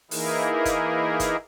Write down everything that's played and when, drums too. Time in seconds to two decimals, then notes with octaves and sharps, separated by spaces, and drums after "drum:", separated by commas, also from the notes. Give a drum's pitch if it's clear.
0.11 E3 A#3 D#4 E4 G#4 A#4, drum: open hi-hat
0.65 drum: kick F#1, hi-hat
1.20 drum: kick F#1, hi-hat